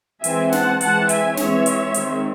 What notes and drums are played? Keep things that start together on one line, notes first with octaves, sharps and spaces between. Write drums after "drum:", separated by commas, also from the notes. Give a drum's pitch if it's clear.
E3 G#3 C4 E5 G#5, drum: hi-hat
F#5 A5, drum: snare
E3 G#3 C4 F#5 A5, drum: hi-hat
E5 G#5, drum: hi-hat
E3 G#3 C4 C#5 E5, drum: snare
drum: hi-hat
D#3 G#3 C4, drum: hi-hat